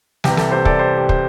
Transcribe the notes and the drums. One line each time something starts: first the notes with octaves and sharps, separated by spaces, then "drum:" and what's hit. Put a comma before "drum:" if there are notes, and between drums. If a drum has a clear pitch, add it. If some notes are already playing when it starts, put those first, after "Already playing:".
C2 C3 E3 G4, drum: snare
A4, drum: snare
G4 C5
A4 D5, drum: kick
G4 C5
G4
C5, drum: kick